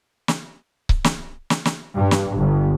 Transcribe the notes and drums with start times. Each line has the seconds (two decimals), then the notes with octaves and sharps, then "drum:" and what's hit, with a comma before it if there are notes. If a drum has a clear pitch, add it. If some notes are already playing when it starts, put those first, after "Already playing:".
0.28 drum: snare
0.89 drum: kick C#1
1.04 drum: snare
1.50 drum: snare
1.65 drum: snare
1.96 G2
2.11 drum: snare
2.37 G1